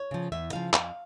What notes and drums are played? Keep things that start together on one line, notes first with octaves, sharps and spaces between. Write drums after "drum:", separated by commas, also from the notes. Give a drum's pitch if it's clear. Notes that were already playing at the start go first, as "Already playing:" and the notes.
Already playing: C#5
C#3 F3
E2 E5
C#3 F3 F5
F2 F5, drum: clap